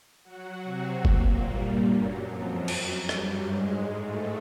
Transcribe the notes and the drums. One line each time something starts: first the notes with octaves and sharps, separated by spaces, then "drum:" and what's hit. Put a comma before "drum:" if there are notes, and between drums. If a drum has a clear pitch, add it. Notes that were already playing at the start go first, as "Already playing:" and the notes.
F#3 F#4
C3 C4
A#2 A#3, drum: kick F#1
G2 G3
F#2 F#3
F2 F3
F#2 F#3, drum: cymbal
G2 G3, drum: rim click
G#2 G#3
A2 A3